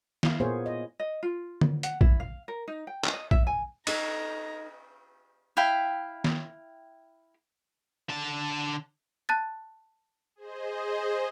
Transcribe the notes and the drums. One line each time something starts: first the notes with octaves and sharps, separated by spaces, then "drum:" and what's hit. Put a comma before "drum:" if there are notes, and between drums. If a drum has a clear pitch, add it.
E4 F5, drum: snare
A#2 A#3 B3 G#4 C5 C#5
D#5
D#5
F4
drum: tom D3
F#5, drum: hi-hat
E4, drum: kick
F5
A#4
D#4
G5
drum: clap
D#5
E5, drum: kick
G#5
D#4 A4 D#5 A#5 G#6, drum: cymbal
E4 F5 G5 B5
drum: snare
D3 A5
A5 F#6 A6
G#4 C5 D#5